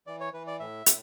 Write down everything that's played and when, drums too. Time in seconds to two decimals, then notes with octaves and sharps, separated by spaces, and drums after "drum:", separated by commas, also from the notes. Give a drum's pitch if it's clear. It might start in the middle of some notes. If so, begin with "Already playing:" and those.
0.07 E3 D5
0.20 C#5
0.33 E3 B4
0.47 D5
0.60 A2 E5
0.86 A2, drum: hi-hat